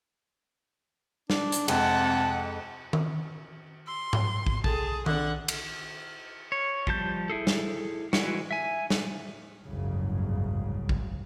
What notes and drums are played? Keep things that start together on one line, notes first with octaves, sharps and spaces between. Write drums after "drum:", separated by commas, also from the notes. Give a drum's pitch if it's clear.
D4, drum: snare
drum: hi-hat
F2 C3 G#3 F#5 A5, drum: cymbal
drum: tom D#3
C6 E6
drum: tom G#2
drum: kick
B1 G#4 A4 G5 A5, drum: kick
D3 F#5, drum: tom D#3
drum: cymbal
C#5
F3 G3 A5 G6, drum: kick
E4 G#4 A4
drum: snare
E3 G#3 E4 F#4, drum: snare
E5 G#5
drum: snare
F#1 C2 F2 G#2 C#3
drum: kick